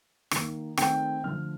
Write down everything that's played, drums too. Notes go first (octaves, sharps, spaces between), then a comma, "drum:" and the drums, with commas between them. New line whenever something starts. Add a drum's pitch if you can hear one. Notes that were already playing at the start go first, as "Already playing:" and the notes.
D#3 A#3, drum: rim click
D#3 A3 C4 G5, drum: rim click
D3 F3 A3 F6